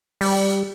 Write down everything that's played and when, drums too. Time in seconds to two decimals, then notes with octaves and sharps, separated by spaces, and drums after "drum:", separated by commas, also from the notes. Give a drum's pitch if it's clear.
0.21 G3, drum: open hi-hat